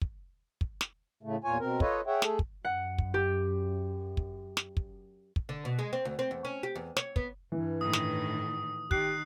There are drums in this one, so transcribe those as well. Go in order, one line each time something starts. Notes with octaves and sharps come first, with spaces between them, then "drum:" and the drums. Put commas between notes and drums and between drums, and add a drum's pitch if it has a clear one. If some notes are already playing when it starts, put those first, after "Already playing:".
drum: kick
drum: kick
drum: snare
A2 C#3 A3
E2 A#2 F4 C#5 G#5
B2 C4 A#4
F4 A4 B4 C#5 D#5, drum: kick
G#4 C#5 E5 F#5 G5
A3 G#4 A4, drum: snare
drum: kick
F#2 F#5
drum: kick
G4
drum: kick
drum: snare
drum: kick
drum: kick
D3
B2
G#3
C4
D2
C4
E2
C#4
G4
E2
C#5, drum: snare
B3, drum: kick
G2 E3
A2 D#3 D#6
drum: snare
D#3 G4 F#6 C7, drum: kick